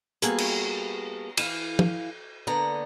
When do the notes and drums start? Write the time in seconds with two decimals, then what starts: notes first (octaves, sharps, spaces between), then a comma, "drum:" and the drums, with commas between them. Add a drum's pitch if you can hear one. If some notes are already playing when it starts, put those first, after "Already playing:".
0.22 G3 A#3 B3 F#4 G#4 A4, drum: hi-hat
0.38 drum: cymbal
1.37 E3 F5, drum: cymbal
1.79 drum: tom
2.47 D3 A#3 B3 D5 A#5